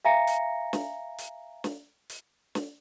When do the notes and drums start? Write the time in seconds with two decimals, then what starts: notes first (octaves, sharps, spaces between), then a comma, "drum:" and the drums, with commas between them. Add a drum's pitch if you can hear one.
0.05 E5 F5 G#5 A#5 A#6 C#7
0.27 drum: hi-hat
0.73 drum: snare
1.18 drum: hi-hat
1.64 drum: snare
2.10 drum: hi-hat
2.55 drum: snare